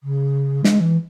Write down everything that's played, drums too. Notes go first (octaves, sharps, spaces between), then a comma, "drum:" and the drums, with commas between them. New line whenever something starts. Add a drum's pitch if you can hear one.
C#3
G#3, drum: snare
E3